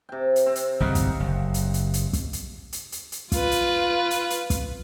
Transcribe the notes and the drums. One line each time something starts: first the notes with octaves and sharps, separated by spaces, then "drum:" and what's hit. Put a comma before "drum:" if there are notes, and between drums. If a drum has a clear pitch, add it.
C3 G5
drum: hi-hat
C4
drum: hi-hat
G1 C2 G#2 D#4 F5 F#5
drum: kick, hi-hat
F#1
drum: hi-hat
drum: hi-hat
drum: hi-hat
drum: kick, hi-hat
drum: hi-hat
drum: hi-hat
drum: hi-hat
drum: hi-hat
F4 B4, drum: kick, hi-hat
drum: hi-hat
drum: hi-hat
drum: hi-hat
drum: kick, hi-hat